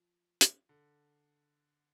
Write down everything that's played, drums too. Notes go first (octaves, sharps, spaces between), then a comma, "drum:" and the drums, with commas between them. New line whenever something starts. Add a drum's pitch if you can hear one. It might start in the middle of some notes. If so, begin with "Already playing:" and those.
Already playing: F3
drum: hi-hat
D3